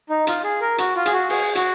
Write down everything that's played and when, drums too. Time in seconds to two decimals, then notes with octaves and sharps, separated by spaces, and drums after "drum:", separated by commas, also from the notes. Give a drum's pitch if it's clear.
0.10 D#4
0.27 F4, drum: hi-hat
0.44 G#4
0.61 A#4
0.78 F#4, drum: hi-hat
0.96 F4
1.06 G#4, drum: hi-hat
1.13 F#4
1.30 G#4, drum: open hi-hat
1.55 F#4, drum: hi-hat